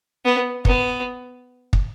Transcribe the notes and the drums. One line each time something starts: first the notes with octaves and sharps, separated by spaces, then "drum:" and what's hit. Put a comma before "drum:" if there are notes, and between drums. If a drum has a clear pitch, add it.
B3
B3, drum: kick
drum: kick